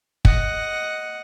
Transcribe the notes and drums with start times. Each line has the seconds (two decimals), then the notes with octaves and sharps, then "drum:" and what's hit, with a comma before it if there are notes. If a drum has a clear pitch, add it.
0.25 D#5 F#5, drum: kick